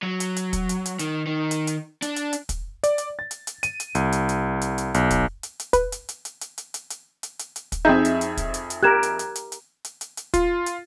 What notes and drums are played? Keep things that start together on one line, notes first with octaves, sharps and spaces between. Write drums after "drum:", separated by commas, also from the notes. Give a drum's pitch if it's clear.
F#3
drum: hi-hat
drum: hi-hat
drum: kick, hi-hat
drum: hi-hat
drum: hi-hat
D#3, drum: hi-hat
D#3
drum: hi-hat
drum: hi-hat
D4, drum: hi-hat
drum: hi-hat
drum: hi-hat
drum: kick, hi-hat
D5, drum: hi-hat
drum: hi-hat
A6
drum: hi-hat
drum: hi-hat
D#7, drum: hi-hat
drum: hi-hat
C2, drum: hi-hat
drum: hi-hat
drum: hi-hat
drum: hi-hat
drum: hi-hat
B1, drum: hi-hat
drum: kick, hi-hat
drum: hi-hat
drum: hi-hat
B4, drum: kick, hi-hat
drum: hi-hat
drum: hi-hat
drum: hi-hat
drum: hi-hat
drum: hi-hat
drum: hi-hat
drum: hi-hat
drum: hi-hat
drum: hi-hat
drum: hi-hat
drum: kick, hi-hat
F2 C4 D#4 G#4 E5 G6
drum: hi-hat
drum: hi-hat
drum: kick, hi-hat
drum: hi-hat
drum: hi-hat
G4 A#4 F#6 G#6 E7
drum: hi-hat
drum: hi-hat
drum: hi-hat
drum: hi-hat
drum: hi-hat
drum: hi-hat
drum: hi-hat
F4, drum: kick, hi-hat
drum: hi-hat